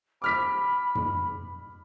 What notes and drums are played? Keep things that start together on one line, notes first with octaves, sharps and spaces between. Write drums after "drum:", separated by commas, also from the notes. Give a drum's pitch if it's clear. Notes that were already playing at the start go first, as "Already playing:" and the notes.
B5 D6 F6 B6
drum: tom